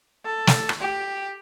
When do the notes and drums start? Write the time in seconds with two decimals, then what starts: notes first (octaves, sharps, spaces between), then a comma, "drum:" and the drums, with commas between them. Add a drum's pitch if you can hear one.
0.25 A4
0.47 drum: snare
0.69 drum: rim click
0.81 G4